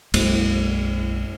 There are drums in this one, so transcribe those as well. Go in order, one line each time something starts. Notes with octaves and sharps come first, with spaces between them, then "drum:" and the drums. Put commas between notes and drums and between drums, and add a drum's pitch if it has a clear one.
B1 F#2 G#3 A#3, drum: cymbal